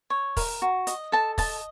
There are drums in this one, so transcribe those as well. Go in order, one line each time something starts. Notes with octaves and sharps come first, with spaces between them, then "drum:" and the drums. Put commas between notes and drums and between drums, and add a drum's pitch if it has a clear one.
C#5
A#4, drum: kick, open hi-hat
F#4
D#5, drum: hi-hat
A4 A5
D#5 A5, drum: kick, open hi-hat